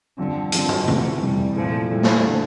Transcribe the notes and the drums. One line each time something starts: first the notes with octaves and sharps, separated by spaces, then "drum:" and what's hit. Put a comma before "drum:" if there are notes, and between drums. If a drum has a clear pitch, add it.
G2 D3 F3 C4
G2 D3 F3 C4, drum: hi-hat
drum: tom
F2 C3 E3 A3, drum: tom C3
F2 C3 E3 G3
A#2 F3 A3 E4
A#2 G3 A3 E4
drum: snare
D3 A3 D4